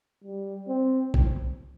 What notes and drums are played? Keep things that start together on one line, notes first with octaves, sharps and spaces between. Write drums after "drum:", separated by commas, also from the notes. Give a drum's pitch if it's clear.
G3
C4
drum: kick A#1